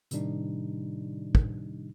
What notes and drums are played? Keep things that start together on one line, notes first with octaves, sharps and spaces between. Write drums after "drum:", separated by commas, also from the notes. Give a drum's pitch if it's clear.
A2 C3 D#3 G3 D4 D#4, drum: hi-hat
drum: kick